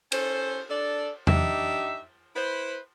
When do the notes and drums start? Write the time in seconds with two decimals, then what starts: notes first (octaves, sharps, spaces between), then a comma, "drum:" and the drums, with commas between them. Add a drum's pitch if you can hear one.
0.12 C#4 A4 C5, drum: cymbal
0.69 D4 A4 D5
1.27 D4 D#4 G4 E5, drum: tom E2
2.36 E4 B4 C5